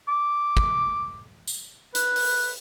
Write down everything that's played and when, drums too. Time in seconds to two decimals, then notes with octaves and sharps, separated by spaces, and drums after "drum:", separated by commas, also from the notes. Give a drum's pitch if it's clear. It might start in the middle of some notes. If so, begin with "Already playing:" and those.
0.08 D6
0.57 drum: kick
1.47 drum: tambourine
1.95 B4, drum: hi-hat
2.16 drum: open hi-hat